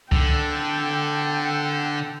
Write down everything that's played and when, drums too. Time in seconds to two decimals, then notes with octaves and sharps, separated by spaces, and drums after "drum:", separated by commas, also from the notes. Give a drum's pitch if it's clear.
0.12 D3 A4 G5, drum: kick C#2